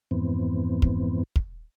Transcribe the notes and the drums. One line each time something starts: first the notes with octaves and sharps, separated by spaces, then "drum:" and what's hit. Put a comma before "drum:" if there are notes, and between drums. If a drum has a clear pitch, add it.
F2 G#2 E3 B3 C4
drum: kick
drum: kick